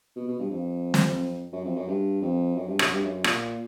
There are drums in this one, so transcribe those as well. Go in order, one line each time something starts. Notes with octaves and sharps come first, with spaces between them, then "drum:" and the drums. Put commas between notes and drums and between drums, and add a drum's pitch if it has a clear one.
B2
B2
G2
F2
drum: snare
F#2
F2
F#2
G2
F2
F#2
G2
F#2, drum: rim click
G2
F#2
A#2, drum: rim click